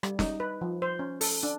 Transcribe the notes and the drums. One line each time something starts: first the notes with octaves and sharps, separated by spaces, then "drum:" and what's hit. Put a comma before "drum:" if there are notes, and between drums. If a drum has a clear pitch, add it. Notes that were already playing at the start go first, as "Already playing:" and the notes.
G3, drum: rim click
D#4, drum: snare
B4
F3
C5
C#4
A4, drum: open hi-hat
D4